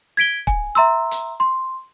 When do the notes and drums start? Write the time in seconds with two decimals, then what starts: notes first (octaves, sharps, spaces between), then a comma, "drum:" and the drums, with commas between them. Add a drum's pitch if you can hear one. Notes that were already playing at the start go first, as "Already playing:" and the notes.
0.17 G#6 B6 D7 G7
0.47 G#5, drum: kick
0.75 E5 A#5 C6 E6
1.11 drum: hi-hat
1.40 C6